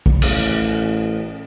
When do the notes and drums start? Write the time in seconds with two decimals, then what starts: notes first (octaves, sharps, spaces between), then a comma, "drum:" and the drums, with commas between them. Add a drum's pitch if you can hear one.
0.06 drum: kick
0.22 A1, drum: cymbal